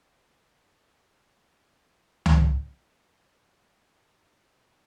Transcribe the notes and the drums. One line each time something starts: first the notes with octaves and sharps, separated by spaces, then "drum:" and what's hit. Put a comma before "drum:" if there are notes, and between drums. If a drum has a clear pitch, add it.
G#4
A4
drum: tom C#2
D2
E4
C#4 G4 G#5 B5 C#6
E5
G#4 A4 D#5 E5
B3
E2 A2